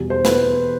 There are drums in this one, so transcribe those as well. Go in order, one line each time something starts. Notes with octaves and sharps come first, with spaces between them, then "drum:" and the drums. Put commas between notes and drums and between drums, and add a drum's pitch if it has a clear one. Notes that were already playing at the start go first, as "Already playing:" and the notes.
Already playing: E2 B2 G3
C5
B4, drum: snare